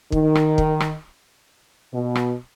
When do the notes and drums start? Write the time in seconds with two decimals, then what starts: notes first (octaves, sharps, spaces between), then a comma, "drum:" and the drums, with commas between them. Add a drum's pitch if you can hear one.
0.12 D#3, drum: kick
0.35 drum: rim click
0.58 drum: kick
0.80 drum: rim click
1.94 B2
2.15 drum: rim click